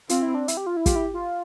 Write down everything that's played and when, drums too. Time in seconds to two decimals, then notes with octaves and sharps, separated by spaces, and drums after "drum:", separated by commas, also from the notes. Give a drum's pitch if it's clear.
0.09 C4 F4, drum: hi-hat
0.22 E4
0.35 D4
0.48 E4, drum: hi-hat
0.57 G4
0.66 F4
0.77 E4
0.86 F4 G4, drum: kick, hi-hat
0.96 E4
1.14 F4